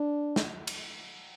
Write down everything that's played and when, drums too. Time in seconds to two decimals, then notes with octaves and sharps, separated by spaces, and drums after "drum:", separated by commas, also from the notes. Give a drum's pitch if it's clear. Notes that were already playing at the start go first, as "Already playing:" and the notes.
Already playing: D4
0.36 drum: snare
0.67 drum: cymbal